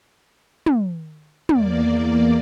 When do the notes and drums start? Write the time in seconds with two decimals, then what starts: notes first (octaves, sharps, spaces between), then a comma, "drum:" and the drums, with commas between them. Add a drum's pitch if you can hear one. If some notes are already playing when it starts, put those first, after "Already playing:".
0.66 drum: tom
1.49 E2 A#3 D5, drum: tom